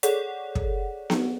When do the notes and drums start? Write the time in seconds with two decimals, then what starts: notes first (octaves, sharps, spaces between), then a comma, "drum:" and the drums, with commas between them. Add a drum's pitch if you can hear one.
0.03 G#4 A4 C#5 D5 F#5, drum: hi-hat
0.55 drum: kick
1.10 drum: snare B3